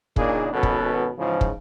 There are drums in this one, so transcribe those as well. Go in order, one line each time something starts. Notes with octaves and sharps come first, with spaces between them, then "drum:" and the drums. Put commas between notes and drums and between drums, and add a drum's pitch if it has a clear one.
A#2 C#3 A#3 D4 D#4 G#4, drum: kick
G#1 B2 B3 C#4 A4 B4
drum: kick
G#2 C#3 E3 F3
drum: kick